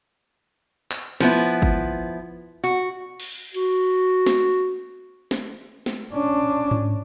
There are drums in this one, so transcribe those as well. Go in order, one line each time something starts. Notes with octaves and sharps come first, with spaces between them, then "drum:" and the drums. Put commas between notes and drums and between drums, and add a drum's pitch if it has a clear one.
drum: clap
F3 B3 E4, drum: snare
drum: kick
F#4, drum: tambourine
drum: cymbal
F#4, drum: cymbal
drum: snare
drum: snare
drum: snare
C#4 D4
drum: tom G#2